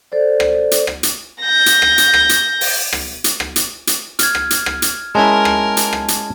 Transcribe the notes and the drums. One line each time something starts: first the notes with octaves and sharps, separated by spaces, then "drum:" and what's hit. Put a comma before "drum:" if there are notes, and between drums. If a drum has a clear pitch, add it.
A4 C5 D5
drum: rim click
drum: hi-hat
drum: rim click
drum: hi-hat
G6 A#6
drum: hi-hat
drum: rim click
drum: hi-hat
drum: rim click
drum: hi-hat
drum: open hi-hat
drum: rim click
drum: hi-hat
drum: rim click
drum: hi-hat
drum: hi-hat
F6 G#6, drum: hi-hat
drum: rim click
drum: hi-hat
drum: rim click
drum: hi-hat
G#3 C#4 E4 A#4 A5 G#6
drum: rim click
drum: hi-hat
drum: rim click
drum: hi-hat